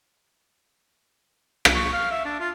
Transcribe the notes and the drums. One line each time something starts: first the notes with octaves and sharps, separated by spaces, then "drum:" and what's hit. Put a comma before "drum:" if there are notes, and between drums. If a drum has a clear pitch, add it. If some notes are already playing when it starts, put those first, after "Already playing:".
drum: rim click
C#6
F5
E5
D4
F4